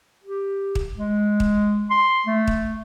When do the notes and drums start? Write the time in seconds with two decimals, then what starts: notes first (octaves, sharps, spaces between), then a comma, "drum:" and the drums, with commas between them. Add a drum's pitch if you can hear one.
0.23 G4
0.75 drum: kick
0.97 G#3
1.40 drum: kick
1.90 C6
2.26 A3
2.47 drum: kick